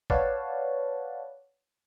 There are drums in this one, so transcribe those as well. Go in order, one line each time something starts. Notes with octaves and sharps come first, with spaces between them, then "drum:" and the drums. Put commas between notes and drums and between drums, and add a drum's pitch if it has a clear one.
B4 C#5 D5 F5 F#5 A5, drum: kick A#1